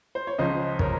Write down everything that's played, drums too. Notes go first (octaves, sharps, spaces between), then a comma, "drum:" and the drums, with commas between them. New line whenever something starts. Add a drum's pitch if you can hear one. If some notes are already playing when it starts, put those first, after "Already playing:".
C5
C#5
C#2 C#3 F3 C5 D#5
A#4 C#5, drum: kick